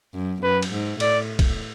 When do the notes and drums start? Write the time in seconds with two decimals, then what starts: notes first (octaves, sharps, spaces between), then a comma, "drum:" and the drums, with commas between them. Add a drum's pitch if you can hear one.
0.14 F#2
0.43 F#2 B4
0.62 drum: cymbal
0.73 G#2
1.00 A2 D5, drum: cymbal
1.39 drum: kick, cymbal